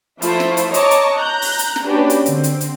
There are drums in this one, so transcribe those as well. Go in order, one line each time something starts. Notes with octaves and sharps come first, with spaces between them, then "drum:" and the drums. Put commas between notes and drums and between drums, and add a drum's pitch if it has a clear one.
F3 A3 E4 F4 C5 E5, drum: hi-hat
drum: snare
drum: hi-hat
C#5 D#5 A5 A#5 C#6 D6, drum: hi-hat
drum: hi-hat
A#5 F#6 G6
drum: open hi-hat
drum: hi-hat
drum: snare
A#3 C#4 D4 F#4 G4 B4
drum: hi-hat
D3 C4, drum: hi-hat
drum: hi-hat
drum: hi-hat